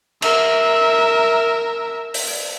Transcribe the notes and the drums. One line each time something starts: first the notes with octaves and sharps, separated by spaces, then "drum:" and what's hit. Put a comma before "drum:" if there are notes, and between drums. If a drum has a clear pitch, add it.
A#4 E5, drum: cymbal
drum: open hi-hat